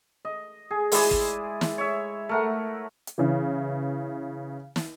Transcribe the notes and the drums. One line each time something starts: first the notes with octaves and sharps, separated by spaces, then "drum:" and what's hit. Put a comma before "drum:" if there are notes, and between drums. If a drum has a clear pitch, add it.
D#5
G#4
G#3 E4 D5 G#5, drum: open hi-hat
drum: kick
drum: snare
C#5 E5
A3 A#4 F#5
drum: hi-hat
C#3 E3
drum: snare